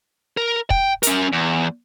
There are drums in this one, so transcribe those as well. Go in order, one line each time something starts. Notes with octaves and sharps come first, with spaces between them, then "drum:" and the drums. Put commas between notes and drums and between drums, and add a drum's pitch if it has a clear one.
A#4
G5, drum: kick
C#4 A#4, drum: hi-hat
E2